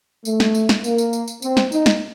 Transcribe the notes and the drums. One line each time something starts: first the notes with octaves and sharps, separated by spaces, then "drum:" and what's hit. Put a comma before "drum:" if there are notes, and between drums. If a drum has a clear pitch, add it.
A3, drum: tambourine
drum: snare
drum: tambourine
drum: snare
A#3, drum: tambourine
drum: tambourine
drum: tambourine
drum: tambourine
C4, drum: tambourine
drum: snare
D#4, drum: tambourine
drum: snare